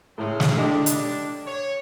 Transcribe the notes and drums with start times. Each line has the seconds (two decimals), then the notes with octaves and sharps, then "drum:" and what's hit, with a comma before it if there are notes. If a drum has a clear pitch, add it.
0.18 A2 C#3 C4
0.40 drum: snare
0.57 D3 D4 G4 D#5
0.86 drum: hi-hat
1.47 C#5